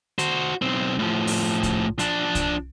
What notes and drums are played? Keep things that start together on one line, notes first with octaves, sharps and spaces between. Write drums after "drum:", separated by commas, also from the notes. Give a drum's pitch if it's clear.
F#4 C5, drum: hi-hat
B1 C4
A2 F3
drum: open hi-hat
drum: kick C2, hi-hat
F3 D4, drum: hi-hat
drum: kick C2, hi-hat